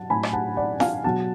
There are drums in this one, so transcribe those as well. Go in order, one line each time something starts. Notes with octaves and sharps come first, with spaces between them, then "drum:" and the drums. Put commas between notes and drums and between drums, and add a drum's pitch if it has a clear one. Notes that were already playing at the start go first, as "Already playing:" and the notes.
Already playing: F#3 F#5 A5
A2 F#3 G#5 B5
drum: rim click
F#5 A5
D5 F#5
F5 G#5, drum: snare
B2 F#3 F#5 A5